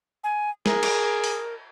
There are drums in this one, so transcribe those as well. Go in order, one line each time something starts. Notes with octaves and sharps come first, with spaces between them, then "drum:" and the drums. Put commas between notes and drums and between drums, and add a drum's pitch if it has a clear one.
G#5
G#4 A#4, drum: snare
drum: cymbal
drum: open hi-hat